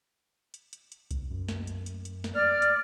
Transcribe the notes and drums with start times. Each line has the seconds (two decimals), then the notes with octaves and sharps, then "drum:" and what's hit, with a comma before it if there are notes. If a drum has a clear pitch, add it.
0.54 drum: hi-hat
0.73 drum: hi-hat
0.92 drum: hi-hat
1.11 drum: kick C2, hi-hat
1.30 F#2
1.48 drum: snare
1.67 drum: hi-hat
1.86 drum: hi-hat
2.05 drum: hi-hat
2.24 drum: snare
2.35 D5 F6
2.62 drum: hi-hat